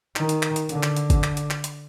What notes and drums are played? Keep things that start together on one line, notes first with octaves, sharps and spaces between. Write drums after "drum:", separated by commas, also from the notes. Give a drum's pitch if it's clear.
D#3, drum: clap
drum: hi-hat
drum: clap
drum: hi-hat
D3, drum: hi-hat
drum: clap
drum: hi-hat
drum: kick G#1, hi-hat
drum: clap
drum: hi-hat
drum: clap
drum: hi-hat